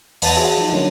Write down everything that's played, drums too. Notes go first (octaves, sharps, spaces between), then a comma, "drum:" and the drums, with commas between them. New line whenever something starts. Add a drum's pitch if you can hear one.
E2 B4 A5 A6, drum: open hi-hat
F#4 G#4 E5
F3 D#4
D3 F#3 A#3 C#4